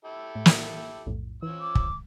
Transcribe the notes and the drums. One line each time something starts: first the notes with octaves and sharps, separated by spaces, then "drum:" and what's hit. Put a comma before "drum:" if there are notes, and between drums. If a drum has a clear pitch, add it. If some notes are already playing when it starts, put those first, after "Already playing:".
E4 G4 A4
A2
drum: snare
B1 F2 A2
E3 F3 C#4 E6
D6
drum: kick